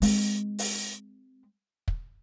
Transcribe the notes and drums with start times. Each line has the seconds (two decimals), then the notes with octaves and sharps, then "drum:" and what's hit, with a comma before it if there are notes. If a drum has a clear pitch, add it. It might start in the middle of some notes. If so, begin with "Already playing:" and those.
0.02 G#3 C4, drum: open hi-hat
0.59 drum: open hi-hat
1.88 drum: kick